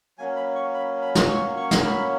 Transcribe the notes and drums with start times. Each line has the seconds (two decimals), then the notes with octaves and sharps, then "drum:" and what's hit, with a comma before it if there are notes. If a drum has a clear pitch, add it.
0.18 F#3 A#3 C#4 G#5
0.36 B5
0.55 C#6
0.74 B5
1.02 B5
1.15 drum: snare
1.30 C#6
1.57 C#6
1.71 drum: snare
1.85 B5